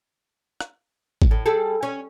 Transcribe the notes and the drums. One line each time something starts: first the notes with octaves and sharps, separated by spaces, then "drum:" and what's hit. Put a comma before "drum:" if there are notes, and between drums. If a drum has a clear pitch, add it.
drum: rim click
drum: kick G#1
A2
G3 G#4 A4
C#4